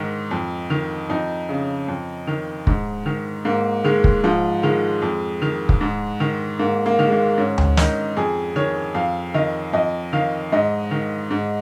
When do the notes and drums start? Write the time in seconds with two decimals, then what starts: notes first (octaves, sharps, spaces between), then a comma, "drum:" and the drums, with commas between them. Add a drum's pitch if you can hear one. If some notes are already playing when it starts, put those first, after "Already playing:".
Already playing: G#2 D#3 D#4
0.31 F2
0.70 D#3
1.10 F2 D#4
1.49 C#3
1.88 F2
2.27 D#3
2.67 G#2, drum: kick
3.06 D#3
3.45 G#2 A#3
3.85 D#3 G#3
4.04 drum: kick
4.24 G#2 F3
4.63 D#3 G#3
5.02 F2
5.42 D#3
5.69 drum: kick
5.81 G#2
6.20 D#3
6.59 G#2 A#3
6.86 A#3
6.99 D#3
7.08 G#3
7.12 A#3
7.38 G#2 C#4
7.58 drum: tom D2
7.77 D#3 D#4, drum: snare
8.17 F2 G#4
8.56 D#3 C#5
8.95 F2 F5
9.34 D#3 D#5
9.73 F2 D#5
10.13 D#3 F5
10.52 G#2 D#5
10.91 D#3
11.31 G#2